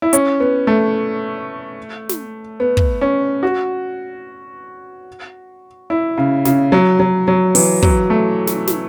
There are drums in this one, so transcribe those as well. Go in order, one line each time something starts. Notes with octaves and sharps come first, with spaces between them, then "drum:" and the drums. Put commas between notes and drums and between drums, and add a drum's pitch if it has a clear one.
E4
C#4, drum: hi-hat
B3
A3
drum: snare
B3
drum: kick
C#4
F#4
E4
C#3
C#3, drum: snare
F#3
F#3
F#3
E3, drum: open hi-hat
F#3, drum: kick
A3
drum: snare
drum: snare